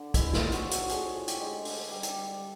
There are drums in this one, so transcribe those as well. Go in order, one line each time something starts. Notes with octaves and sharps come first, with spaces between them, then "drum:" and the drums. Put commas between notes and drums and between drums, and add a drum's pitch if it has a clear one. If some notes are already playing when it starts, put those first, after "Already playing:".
Already playing: D3 D4
G#3 E4, drum: kick, hi-hat
F4, drum: snare
A2
F#4, drum: hi-hat
F3
F#4, drum: hi-hat
A2 G#4, drum: hi-hat
A2
G4, drum: hi-hat
G#3
D3 A4, drum: open hi-hat
G3
drum: hi-hat
G3